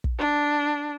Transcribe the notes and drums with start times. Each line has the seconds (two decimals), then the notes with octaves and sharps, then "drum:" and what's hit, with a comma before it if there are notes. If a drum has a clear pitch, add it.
0.04 drum: kick
0.19 D4